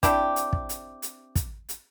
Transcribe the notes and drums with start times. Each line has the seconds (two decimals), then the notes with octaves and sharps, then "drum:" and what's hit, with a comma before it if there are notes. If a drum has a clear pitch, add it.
0.03 C4 D4 E4 G4, drum: kick, hi-hat
0.36 drum: hi-hat
0.53 drum: kick
0.69 drum: hi-hat
1.02 drum: hi-hat
1.36 drum: kick, hi-hat
1.69 drum: hi-hat